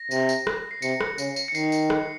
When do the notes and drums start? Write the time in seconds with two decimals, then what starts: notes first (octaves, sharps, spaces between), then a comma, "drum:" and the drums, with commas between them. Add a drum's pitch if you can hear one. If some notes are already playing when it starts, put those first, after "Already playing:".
Already playing: A#6
0.11 C3, drum: tambourine
0.29 drum: tambourine
0.47 drum: rim click
0.71 C7
0.82 C3 C#7, drum: tambourine
1.00 drum: rim click
1.18 C#3, drum: tambourine
1.36 drum: tambourine
1.48 C#7
1.55 D#3 C7, drum: tambourine
1.72 drum: tambourine
1.90 drum: rim click